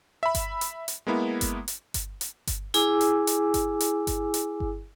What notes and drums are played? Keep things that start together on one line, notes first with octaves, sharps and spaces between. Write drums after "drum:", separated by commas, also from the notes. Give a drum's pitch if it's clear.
E5 B5
drum: kick G1, hi-hat
drum: hi-hat
drum: hi-hat
G#3 A#3 B3 E4
drum: kick G1, hi-hat
drum: hi-hat
drum: kick G1, hi-hat
drum: hi-hat
drum: kick G1, hi-hat
E4 G#4 G#5 D6 E6, drum: hi-hat
drum: hi-hat
drum: hi-hat
drum: kick G1, hi-hat
drum: hi-hat
drum: kick G1, hi-hat
drum: hi-hat
drum: kick G1